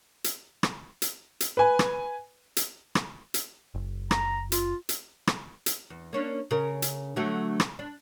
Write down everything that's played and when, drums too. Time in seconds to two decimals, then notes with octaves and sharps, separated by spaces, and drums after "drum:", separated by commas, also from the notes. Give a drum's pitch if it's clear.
0.24 drum: hi-hat
0.63 drum: rim click
1.02 drum: hi-hat
1.40 drum: hi-hat
1.57 B4 G#5
1.79 drum: rim click
2.57 drum: hi-hat
2.95 drum: rim click
3.34 drum: hi-hat
3.74 F#1
4.11 A#5, drum: rim click
4.52 F4, drum: hi-hat
4.89 drum: hi-hat
5.27 drum: rim click
5.66 drum: hi-hat
5.90 E2
6.13 A#3 C#4 D4
6.51 C#3 A#4
6.82 drum: hi-hat
7.16 D3 F#3 A3
7.60 drum: rim click
7.79 D4